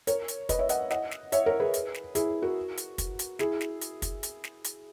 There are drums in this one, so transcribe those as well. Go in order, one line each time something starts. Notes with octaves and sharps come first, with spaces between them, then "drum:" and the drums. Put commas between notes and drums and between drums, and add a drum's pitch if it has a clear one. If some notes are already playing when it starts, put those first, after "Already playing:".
A#4 C#5, drum: hi-hat
drum: hi-hat
B4 D#5, drum: kick, hi-hat
C#5 E5
D#5 F#5, drum: hi-hat
D#5 F#5, drum: snare
drum: snare
C#5 E5, drum: hi-hat
A#4 C#5
G#4 B4
drum: hi-hat
drum: snare
E4 G#4, drum: hi-hat
F#4 A#4
drum: hi-hat
drum: kick, hi-hat
drum: hi-hat
E4 G#4, drum: snare
drum: snare
drum: hi-hat
drum: kick, hi-hat
drum: hi-hat
drum: snare
drum: hi-hat